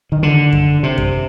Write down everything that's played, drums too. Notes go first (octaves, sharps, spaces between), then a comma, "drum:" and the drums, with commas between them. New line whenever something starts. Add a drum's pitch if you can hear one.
D#3
D3
drum: kick F#2
C3
drum: kick F#2